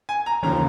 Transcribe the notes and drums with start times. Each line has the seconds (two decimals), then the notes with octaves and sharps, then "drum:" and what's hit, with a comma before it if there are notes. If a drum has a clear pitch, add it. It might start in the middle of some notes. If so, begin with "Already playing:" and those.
0.09 G#5
0.26 A#5
0.43 D#2 C#3 F3 A#5, drum: tom E3